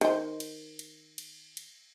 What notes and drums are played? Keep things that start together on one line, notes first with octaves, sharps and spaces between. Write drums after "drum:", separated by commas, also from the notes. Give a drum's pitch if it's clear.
D#3 C5, drum: cymbal
drum: cymbal
drum: cymbal
drum: cymbal
drum: cymbal